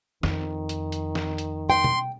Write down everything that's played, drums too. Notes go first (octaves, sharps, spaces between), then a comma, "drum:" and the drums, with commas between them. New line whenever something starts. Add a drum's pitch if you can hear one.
F2 D#3, drum: snare
drum: hi-hat
drum: hi-hat
drum: snare
drum: hi-hat
G5 C6
drum: tom B2